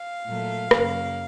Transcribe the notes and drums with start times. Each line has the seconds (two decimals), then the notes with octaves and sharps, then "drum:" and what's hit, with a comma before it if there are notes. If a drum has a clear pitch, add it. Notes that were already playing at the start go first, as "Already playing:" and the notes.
Already playing: F5
0.26 A#2 F#3 A3
0.71 F#2 C#3 F#3 A#3, drum: rim click